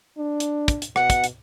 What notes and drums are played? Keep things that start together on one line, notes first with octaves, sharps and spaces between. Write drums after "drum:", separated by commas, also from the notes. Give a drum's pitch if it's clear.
D4
drum: hi-hat
drum: kick, hi-hat
drum: hi-hat
B2 F#5, drum: rim click
drum: kick, hi-hat
drum: hi-hat